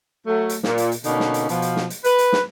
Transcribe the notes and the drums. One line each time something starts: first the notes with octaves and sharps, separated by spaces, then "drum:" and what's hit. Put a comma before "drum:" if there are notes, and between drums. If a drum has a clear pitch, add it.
F#3 A3
drum: hi-hat
A#2, drum: snare
drum: hi-hat
drum: hi-hat
B2 D3 A#3 C#4 D#4, drum: hi-hat
drum: snare
drum: hi-hat
B2 F3, drum: hi-hat
drum: hi-hat
drum: snare
drum: hi-hat
B4, drum: hi-hat
drum: hi-hat
drum: snare